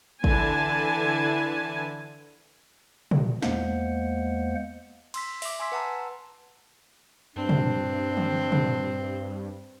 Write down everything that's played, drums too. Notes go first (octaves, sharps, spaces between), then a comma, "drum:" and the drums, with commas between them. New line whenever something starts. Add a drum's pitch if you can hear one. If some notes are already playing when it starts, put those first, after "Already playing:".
D3 E3 E4 G#5 A5, drum: kick
drum: tom
E2 G#3 A#3 C5 F#5, drum: snare
C6 E6 B6, drum: cymbal
E5 D6, drum: open hi-hat
G#5 C6 E6 B6
B4 F#5 A5 A#5 E6
G2 C4 D4
drum: tom
drum: tom
drum: tom